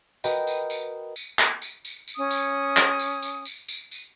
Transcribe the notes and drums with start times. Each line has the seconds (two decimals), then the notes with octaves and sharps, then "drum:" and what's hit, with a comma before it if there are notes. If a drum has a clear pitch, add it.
0.24 F#4 A#4 B4 D#5 G5, drum: tambourine
0.47 drum: tambourine
0.70 drum: tambourine
1.16 drum: tambourine
1.39 drum: clap
1.62 drum: tambourine
1.85 drum: tambourine
2.08 drum: tambourine
2.17 C#4 D#6
2.31 drum: tambourine
2.77 drum: clap
3.00 drum: tambourine
3.23 drum: tambourine
3.46 drum: tambourine
3.68 drum: tambourine
3.91 drum: tambourine